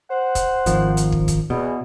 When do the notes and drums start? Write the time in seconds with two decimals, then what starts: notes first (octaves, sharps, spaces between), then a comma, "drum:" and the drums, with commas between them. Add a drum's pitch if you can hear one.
0.10 C5 F#5
0.35 drum: kick, hi-hat
0.66 G#1 D#3 F3, drum: hi-hat
0.97 drum: hi-hat
1.12 drum: kick
1.28 drum: kick, hi-hat
1.50 E2 B2